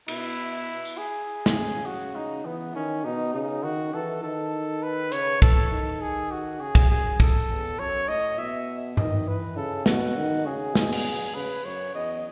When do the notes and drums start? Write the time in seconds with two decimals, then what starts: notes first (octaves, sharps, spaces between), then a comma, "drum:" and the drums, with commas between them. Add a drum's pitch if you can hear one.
0.08 B2 E4, drum: cymbal
0.85 drum: tambourine
0.97 G#4
1.46 drum: snare
1.56 C#3
1.85 F#4
2.16 D#4
2.45 E3 B3
2.75 D#3 C#4
3.05 B2 D#4
3.34 C#3 D#4
3.63 D#3 F#4
3.94 E3 A4
4.23 D#3 A4
4.82 B4
5.12 C#3 C#5, drum: hi-hat
5.42 E3 A4, drum: kick
5.71 D#3
6.01 G#4
6.31 F#4
6.60 C#3 G#4
6.75 drum: kick
6.90 F#2 G#4
7.20 A4, drum: kick
7.49 E2
7.79 F#2 C#5
8.08 A2 D#5
8.38 B2 E5
8.97 D#3 D#5, drum: tom G2
9.27 E3 B4
9.56 C#3 A4
9.86 B2 F#4, drum: snare
10.16 D#3
10.45 C#3 G#4
10.75 B2, drum: snare
10.92 drum: cymbal
11.34 C#3 B4
11.64 F#2 C#5
11.94 E2 D#5